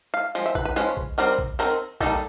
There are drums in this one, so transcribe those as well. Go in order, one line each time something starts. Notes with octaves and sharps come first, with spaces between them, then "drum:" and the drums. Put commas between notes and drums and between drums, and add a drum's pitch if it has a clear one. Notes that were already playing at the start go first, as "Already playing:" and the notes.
F5
F3 G#3
E5
B4, drum: kick A#1
B4
F3 G#3 C#4 B4
drum: kick A#1
D#3 G3 C4 A#4
drum: kick A#1
D#3 G3 C4 A#4
D#3 G3 A#3 D#4 A4, drum: kick A#1